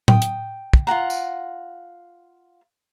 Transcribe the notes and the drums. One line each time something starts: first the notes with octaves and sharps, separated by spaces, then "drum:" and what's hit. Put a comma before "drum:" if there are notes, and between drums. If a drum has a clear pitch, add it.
G5 D#6, drum: tom A2
drum: hi-hat
drum: kick
F4 F#4 F#5 A#5
drum: tambourine